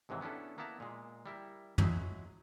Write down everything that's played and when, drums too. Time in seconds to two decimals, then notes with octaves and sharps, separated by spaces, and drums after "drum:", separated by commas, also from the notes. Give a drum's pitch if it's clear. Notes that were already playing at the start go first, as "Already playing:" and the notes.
0.09 D#2 G#2 C3 E3 F#3
0.21 B3 C#4 D4 E4 A4
0.58 A#3 B3 E4 A5 A#5
0.80 A#2 G#3
1.26 G3 E4 A#4
1.78 F#3 G#3 E4, drum: tom